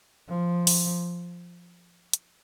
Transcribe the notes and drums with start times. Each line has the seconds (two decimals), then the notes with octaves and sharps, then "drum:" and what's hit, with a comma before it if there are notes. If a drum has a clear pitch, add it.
0.29 F3
0.67 drum: open hi-hat
2.13 drum: hi-hat